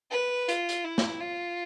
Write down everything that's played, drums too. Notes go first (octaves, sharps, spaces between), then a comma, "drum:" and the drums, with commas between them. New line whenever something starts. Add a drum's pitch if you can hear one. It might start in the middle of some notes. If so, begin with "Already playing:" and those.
B4
F4, drum: hi-hat
drum: hi-hat
E4
drum: snare
F4